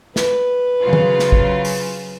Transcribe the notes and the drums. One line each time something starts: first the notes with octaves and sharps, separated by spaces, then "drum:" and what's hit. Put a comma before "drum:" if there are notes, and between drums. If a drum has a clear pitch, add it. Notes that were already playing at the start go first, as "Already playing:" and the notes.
B4, drum: snare
C#3 F#3 F4
drum: tom D#3
drum: snare
drum: kick
drum: open hi-hat